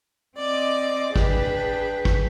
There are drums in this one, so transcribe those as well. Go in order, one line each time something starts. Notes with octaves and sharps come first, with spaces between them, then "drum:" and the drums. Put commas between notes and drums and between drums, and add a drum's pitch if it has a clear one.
C4 D5 D#5 D6
D4 G#4 B4 G5, drum: kick
drum: kick